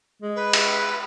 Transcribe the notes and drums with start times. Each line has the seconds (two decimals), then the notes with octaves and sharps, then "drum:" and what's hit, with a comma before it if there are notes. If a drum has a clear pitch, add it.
0.22 G#3
0.35 B4
0.53 drum: cymbal